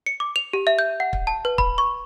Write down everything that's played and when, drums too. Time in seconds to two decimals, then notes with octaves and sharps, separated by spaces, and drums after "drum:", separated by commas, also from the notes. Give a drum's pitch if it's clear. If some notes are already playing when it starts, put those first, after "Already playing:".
0.06 C#7
0.20 D6
0.36 F7
0.53 G4
0.67 E5
0.79 G6
1.00 F#5
1.13 drum: kick
1.27 A5
1.45 B4
1.58 B5, drum: kick
1.78 C#6